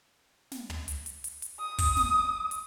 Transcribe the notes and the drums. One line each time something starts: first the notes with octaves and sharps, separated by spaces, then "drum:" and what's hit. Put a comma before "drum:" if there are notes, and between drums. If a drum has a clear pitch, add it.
drum: snare
drum: tom
drum: hi-hat
drum: hi-hat
drum: hi-hat
drum: hi-hat
D#6
drum: kick, open hi-hat
drum: snare
drum: hi-hat